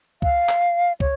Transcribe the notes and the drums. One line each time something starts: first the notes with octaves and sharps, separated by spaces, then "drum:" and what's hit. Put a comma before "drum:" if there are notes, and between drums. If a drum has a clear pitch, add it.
F5, drum: kick
drum: clap
C#5, drum: kick